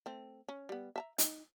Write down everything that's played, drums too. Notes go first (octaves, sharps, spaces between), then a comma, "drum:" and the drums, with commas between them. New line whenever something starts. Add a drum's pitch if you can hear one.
A3 C4
C#4
G3 B3
E5 A5 A#5
D#4, drum: hi-hat